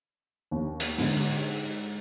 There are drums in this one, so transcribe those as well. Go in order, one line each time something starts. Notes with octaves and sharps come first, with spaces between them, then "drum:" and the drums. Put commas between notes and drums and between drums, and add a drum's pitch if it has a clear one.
D#2
drum: hi-hat
G#2 D3, drum: open hi-hat